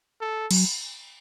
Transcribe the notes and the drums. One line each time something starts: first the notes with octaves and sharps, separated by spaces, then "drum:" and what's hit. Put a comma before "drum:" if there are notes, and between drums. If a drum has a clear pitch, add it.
A4
F#3, drum: cymbal